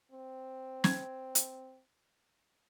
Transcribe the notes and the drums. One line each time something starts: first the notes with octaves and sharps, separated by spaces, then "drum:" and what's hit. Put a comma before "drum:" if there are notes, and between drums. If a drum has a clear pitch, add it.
C4
G#6, drum: snare
drum: hi-hat